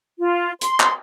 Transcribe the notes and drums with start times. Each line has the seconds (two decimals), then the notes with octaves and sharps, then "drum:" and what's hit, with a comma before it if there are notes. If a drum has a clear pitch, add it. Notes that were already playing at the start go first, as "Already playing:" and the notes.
0.18 F4
0.61 C6, drum: hi-hat
0.80 drum: clap